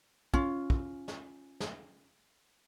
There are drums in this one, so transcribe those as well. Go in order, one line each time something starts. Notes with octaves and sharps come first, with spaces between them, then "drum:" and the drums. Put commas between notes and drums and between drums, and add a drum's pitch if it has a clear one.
C#4 F4, drum: kick
drum: kick
drum: snare
drum: snare